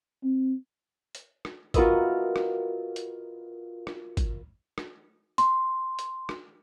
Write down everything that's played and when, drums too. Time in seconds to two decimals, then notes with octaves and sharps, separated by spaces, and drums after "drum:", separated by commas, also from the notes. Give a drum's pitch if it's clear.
0.24 C4
1.15 drum: hi-hat
1.45 drum: rim click
1.74 F4 F#4 A#4 B4 D#5 E5, drum: kick G#1, hi-hat
2.36 drum: rim click
2.96 drum: hi-hat
3.87 drum: rim click
4.17 drum: kick G#1, hi-hat
4.78 drum: rim click
5.38 C6, drum: hi-hat
5.99 drum: hi-hat
6.29 drum: rim click